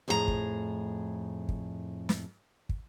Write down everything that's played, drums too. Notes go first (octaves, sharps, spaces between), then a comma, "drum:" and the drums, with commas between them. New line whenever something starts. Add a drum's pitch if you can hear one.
F2 A2 G#4 A4 A#5
drum: kick
drum: kick
drum: snare
drum: kick